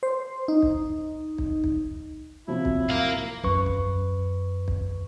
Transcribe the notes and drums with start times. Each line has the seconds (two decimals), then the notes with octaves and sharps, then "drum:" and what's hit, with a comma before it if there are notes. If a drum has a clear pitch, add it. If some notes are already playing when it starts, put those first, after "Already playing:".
0.03 C5
0.48 D#4
0.62 drum: kick
1.38 drum: kick
1.64 drum: kick
2.47 C3 F3 F#3 E4
2.65 drum: kick
2.90 A#4 F5
3.44 F#2 B4 C#6, drum: kick
3.66 drum: kick
4.68 drum: kick